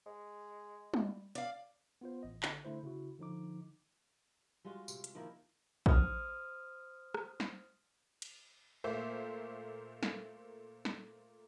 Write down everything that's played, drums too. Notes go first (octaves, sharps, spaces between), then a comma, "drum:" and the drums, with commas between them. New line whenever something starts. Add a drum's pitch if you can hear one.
G#3
drum: tom G3
D5 F5
B3 F4 C5
A1 D#5
D3, drum: clap
D3 A3 E4 C5
C#3 E4 F#4
D3 F3 D#4 D6
G3 G#3 F4 F#4
C3, drum: tambourine
drum: hi-hat
D#3 F3 A#3 E4
C5 D#6 F6, drum: kick
drum: rim click
drum: snare
drum: cymbal
A#2 A3 A#3 C5 E5
drum: snare
drum: snare